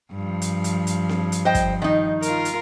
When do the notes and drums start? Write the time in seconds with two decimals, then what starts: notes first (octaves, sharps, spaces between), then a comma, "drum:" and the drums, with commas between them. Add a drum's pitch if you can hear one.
0.12 G2 F3
0.42 drum: hi-hat
0.64 drum: hi-hat
0.87 drum: hi-hat
1.09 drum: snare C4
1.32 drum: hi-hat
1.45 C5 D#5 G5
1.55 drum: kick, hi-hat
1.82 D#3 D#4
2.22 F4 A#4, drum: hi-hat
2.45 drum: hi-hat